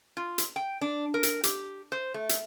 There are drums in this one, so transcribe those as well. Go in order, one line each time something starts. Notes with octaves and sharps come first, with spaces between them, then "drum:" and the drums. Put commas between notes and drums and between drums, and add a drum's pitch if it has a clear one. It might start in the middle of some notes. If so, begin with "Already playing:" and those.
F4
drum: hi-hat
G5
D4
A#4
drum: hi-hat
G4, drum: hi-hat
C5
A3
drum: hi-hat